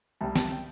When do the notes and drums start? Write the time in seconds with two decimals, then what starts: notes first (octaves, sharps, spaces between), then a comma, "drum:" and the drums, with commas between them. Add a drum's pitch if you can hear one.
0.21 C2 C3 G3 A5
0.36 A5, drum: snare
0.51 G5